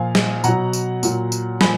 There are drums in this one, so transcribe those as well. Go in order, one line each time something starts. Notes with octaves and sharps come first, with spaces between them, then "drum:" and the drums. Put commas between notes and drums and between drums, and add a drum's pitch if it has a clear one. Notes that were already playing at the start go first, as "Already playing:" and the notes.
Already playing: A#2 F3 F5 G#5
drum: snare
B2 F#3 F#5 A#5, drum: tambourine
drum: tambourine
A#2 F#3, drum: tambourine
drum: tambourine
A#2 F3 G#5 B5, drum: snare